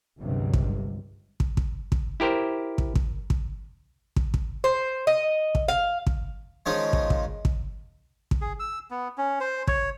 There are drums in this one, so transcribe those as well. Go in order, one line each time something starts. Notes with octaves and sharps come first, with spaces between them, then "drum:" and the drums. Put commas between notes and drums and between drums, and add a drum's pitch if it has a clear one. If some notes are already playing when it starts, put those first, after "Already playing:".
G1 C#2 G2 C3 F#3
drum: kick
drum: kick
drum: kick
drum: kick
E4 G4 A#4 C5
drum: kick
drum: kick
drum: kick
drum: kick
drum: kick
C5
D#5
drum: kick
F5
drum: kick
D#3 F3 G#3 C#4 D#4
drum: kick
drum: kick
drum: kick
drum: kick
G#4
E6
B3
C#4
C5
C#5, drum: kick